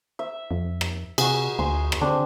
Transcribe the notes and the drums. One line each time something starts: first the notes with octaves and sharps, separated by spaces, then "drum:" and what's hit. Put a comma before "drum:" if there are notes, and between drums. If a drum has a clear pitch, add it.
E5
F2
drum: rim click
C3 F#4 G#4, drum: cymbal
D2 G#5 C6
drum: rim click
D3 C4 D4